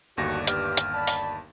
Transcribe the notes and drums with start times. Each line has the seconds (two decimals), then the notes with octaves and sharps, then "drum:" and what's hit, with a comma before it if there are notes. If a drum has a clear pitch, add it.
0.17 G1 D#2 F#4 A4 D5 C#6 A#6
0.47 G2 G4 F6, drum: hi-hat
0.77 drum: hi-hat
0.94 D5 A5 B5
1.07 drum: open hi-hat